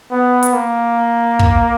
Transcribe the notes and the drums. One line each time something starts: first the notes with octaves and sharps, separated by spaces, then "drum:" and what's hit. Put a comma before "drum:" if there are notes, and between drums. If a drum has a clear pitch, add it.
B3
drum: hi-hat
A#3
drum: kick